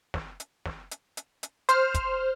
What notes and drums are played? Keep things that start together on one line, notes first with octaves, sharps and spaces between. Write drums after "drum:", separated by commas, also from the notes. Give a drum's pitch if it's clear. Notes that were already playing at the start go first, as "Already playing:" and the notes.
drum: snare
drum: hi-hat
drum: snare
drum: hi-hat
drum: hi-hat
drum: hi-hat
C5 F6, drum: hi-hat
drum: kick, hi-hat